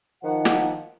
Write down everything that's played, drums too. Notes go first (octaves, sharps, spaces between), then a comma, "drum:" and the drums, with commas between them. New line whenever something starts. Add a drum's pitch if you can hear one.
D#3 F3 F#5
drum: snare